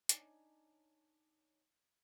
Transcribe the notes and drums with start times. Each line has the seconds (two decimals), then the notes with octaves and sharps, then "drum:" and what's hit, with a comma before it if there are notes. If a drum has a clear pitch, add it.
0.09 D4 D#4 C#5 G#5 D6, drum: hi-hat